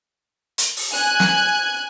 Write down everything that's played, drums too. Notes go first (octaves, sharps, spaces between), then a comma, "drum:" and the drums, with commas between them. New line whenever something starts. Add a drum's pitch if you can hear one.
drum: hi-hat
drum: open hi-hat
G#5 F#6 G#6
drum: snare